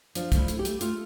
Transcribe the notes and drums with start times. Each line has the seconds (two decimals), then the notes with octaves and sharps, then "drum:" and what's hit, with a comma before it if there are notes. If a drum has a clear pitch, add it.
0.15 F3 D4, drum: hi-hat
0.32 A3, drum: kick, hi-hat
0.37 E4
0.48 A3, drum: hi-hat
0.59 G4
0.65 A3, drum: hi-hat
0.81 A3 F4, drum: hi-hat